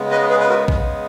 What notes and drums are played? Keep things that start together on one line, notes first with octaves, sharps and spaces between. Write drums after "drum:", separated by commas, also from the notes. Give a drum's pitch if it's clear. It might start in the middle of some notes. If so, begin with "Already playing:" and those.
Already playing: C#3 G#3 B3
B4 D#5
G#4 B4
B4
F#4 A#4
C#3 G#3 B3, drum: kick